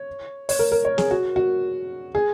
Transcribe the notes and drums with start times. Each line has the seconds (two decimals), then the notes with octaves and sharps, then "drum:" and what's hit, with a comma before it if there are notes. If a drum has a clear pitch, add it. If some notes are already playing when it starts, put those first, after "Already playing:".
Already playing: C#5
0.49 C#5, drum: open hi-hat
0.59 A#4
0.72 A#4
0.85 C#5
0.98 G#4, drum: snare
1.11 F#4
1.36 F#4
2.15 G#4